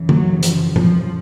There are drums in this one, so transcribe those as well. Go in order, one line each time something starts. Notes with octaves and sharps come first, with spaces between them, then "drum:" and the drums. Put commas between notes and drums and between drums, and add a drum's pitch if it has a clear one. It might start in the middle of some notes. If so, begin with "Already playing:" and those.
Already playing: F#2 C#3 E3
F#3, drum: tom D3
F3, drum: hi-hat
F3, drum: tom A#2